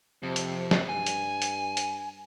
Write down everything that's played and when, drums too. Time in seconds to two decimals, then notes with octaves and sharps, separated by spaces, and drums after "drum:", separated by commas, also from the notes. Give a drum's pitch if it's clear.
0.23 F2 C3
0.36 drum: hi-hat
0.71 drum: snare
0.89 G2 G#5
1.06 drum: hi-hat
1.42 drum: hi-hat
1.77 drum: hi-hat